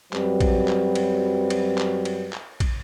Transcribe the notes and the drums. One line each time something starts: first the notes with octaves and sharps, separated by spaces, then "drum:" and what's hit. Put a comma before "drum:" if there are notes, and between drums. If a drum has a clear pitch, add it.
F#2 F#3 G3 C4 B4, drum: clap
drum: kick, cymbal
drum: clap
drum: cymbal
drum: cymbal
drum: clap
drum: cymbal
drum: clap
drum: kick, cymbal